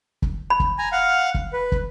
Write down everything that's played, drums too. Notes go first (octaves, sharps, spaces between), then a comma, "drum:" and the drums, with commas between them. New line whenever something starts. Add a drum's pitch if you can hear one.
drum: kick
B5
drum: kick
G#5 A#5
F5 F#5 F6
drum: kick
B4
drum: kick